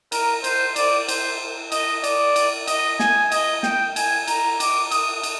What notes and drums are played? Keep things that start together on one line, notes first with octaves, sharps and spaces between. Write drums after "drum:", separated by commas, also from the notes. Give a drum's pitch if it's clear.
A#4, drum: cymbal
C5, drum: cymbal
D5, drum: cymbal
C5, drum: cymbal
D#5, drum: cymbal
D5, drum: cymbal
drum: cymbal
D#5, drum: cymbal
G#5, drum: snare
D#5, drum: cymbal
G5, drum: snare
G#5, drum: cymbal
A#5, drum: cymbal
D6, drum: cymbal
D#6, drum: cymbal
drum: cymbal